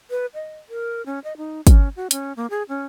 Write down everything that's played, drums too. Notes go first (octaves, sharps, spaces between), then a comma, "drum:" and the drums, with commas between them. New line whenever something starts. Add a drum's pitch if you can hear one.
B4
D#5
A#4
C#4
D#5
D#4
C#4, drum: kick, hi-hat
F#4
C#4, drum: hi-hat
A#3
G#4
C#4